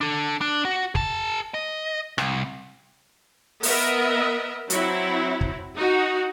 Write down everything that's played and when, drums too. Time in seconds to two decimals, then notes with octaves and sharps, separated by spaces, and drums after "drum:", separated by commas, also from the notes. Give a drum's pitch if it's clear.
0.01 D4 A4
0.41 D4
0.65 F#4
0.95 G#4 A5, drum: kick
1.54 D#5
2.18 C2, drum: rim click
3.63 B3 A#4 D#5 E5, drum: open hi-hat
4.70 F#3 C4 E4, drum: hi-hat
5.41 drum: kick
5.76 D#4 F#4